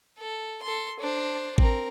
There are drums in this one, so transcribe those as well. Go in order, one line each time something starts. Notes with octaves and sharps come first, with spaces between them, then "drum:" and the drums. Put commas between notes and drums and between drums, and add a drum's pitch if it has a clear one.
A4
A4 C6
D4 C5
C4 A#4, drum: kick A1